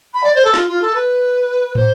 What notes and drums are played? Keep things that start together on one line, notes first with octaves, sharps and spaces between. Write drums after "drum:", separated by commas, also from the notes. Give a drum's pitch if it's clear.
B5
D5
C5
A4
F4, drum: snare
F4
A4
B4
C5, drum: tom